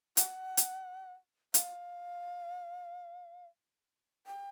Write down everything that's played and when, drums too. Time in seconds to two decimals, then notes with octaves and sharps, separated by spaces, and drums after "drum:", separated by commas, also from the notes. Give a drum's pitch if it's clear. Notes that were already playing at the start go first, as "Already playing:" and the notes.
0.17 F#5, drum: hi-hat
0.57 drum: hi-hat
1.54 F5, drum: hi-hat
4.27 G5